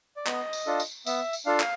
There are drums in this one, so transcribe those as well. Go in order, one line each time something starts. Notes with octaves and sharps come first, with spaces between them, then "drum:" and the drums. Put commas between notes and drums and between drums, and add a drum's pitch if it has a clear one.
D5
B3 D#5, drum: clap
drum: tambourine
D4 F4 A4
drum: tambourine
B3 E5, drum: tambourine
drum: tambourine
D4 F4 A4 F5
drum: clap